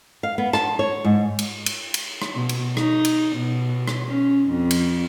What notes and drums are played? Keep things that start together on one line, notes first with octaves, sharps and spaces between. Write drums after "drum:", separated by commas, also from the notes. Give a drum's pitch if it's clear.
F5
B3
A5, drum: rim click
C#5
G#2
drum: cymbal
drum: cymbal
drum: cymbal
drum: rim click
B2
drum: cymbal
D#4, drum: rim click
drum: cymbal
B2
drum: rim click
C#4
F2
drum: cymbal